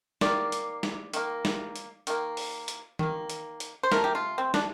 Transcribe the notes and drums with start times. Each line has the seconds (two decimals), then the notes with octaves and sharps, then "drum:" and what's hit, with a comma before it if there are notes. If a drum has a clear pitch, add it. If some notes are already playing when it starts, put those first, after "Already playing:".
0.21 D#3 A#3 D5, drum: snare
0.52 drum: hi-hat
0.83 drum: snare
1.13 D#3 A#3, drum: hi-hat
1.45 drum: snare
1.76 drum: hi-hat
2.07 D#3 A#3, drum: hi-hat
2.37 drum: open hi-hat
2.68 drum: hi-hat
2.99 D#3 A#3, drum: tom D#3
3.30 drum: hi-hat
3.60 drum: hi-hat
3.83 C5
3.92 C3 F3 A3 A#4, drum: snare
4.04 G4
4.15 F4
4.38 C4
4.54 D4, drum: snare